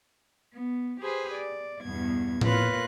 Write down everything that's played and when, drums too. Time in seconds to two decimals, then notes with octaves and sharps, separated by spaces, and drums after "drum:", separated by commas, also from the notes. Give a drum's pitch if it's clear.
0.53 B3
1.00 G4 G#4 B4 C5 G#5
1.33 D5
1.82 E2 G2 B2 B3 G#6
2.41 A#2 F4 A#4 B4 C#5 F#6, drum: tom A2